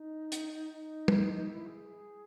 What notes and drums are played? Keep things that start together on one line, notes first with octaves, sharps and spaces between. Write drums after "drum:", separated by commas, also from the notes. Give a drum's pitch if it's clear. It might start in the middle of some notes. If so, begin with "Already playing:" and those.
Already playing: D#4
drum: hi-hat
D#4
drum: tom
E4
G#4